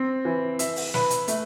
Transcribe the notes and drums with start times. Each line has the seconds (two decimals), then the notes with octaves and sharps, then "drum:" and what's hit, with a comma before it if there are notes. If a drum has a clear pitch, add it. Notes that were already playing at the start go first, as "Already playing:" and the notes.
Already playing: C4
0.25 E3
0.59 E5, drum: hi-hat
0.76 drum: open hi-hat
0.94 B4, drum: snare
1.10 drum: hi-hat
1.28 A3, drum: hi-hat